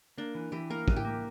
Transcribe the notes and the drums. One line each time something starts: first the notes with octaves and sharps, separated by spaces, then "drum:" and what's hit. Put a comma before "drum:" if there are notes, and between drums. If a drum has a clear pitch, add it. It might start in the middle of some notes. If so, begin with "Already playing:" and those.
A#3 D4
E3
E3 G4
A#3 A#4
E3, drum: kick
G4
A#3